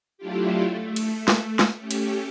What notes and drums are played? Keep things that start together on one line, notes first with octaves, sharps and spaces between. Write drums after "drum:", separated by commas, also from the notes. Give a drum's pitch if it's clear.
F#3 A3 D4 E4 F4 G4
A3
drum: cymbal
drum: snare
drum: snare
A3 C#4 G4
drum: cymbal